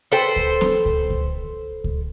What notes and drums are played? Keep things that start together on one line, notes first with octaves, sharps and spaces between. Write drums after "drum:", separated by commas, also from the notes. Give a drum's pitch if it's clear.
A4 B4 C5 G5
drum: kick C#2
drum: snare
drum: kick C#2
drum: kick C#2
drum: kick C#2